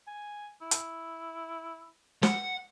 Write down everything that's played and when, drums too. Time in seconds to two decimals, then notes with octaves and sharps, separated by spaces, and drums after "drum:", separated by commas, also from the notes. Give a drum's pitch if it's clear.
0.07 G#5
0.62 E4
0.71 drum: hi-hat
2.23 F#5, drum: snare